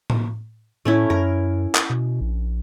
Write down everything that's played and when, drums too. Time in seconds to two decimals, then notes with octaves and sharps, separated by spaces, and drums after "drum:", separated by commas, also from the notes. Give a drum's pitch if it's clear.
0.10 drum: tom A2
0.85 A2 A3 C#4 E4
1.10 F#2 A#4
1.75 drum: clap
1.90 B2
2.21 A#1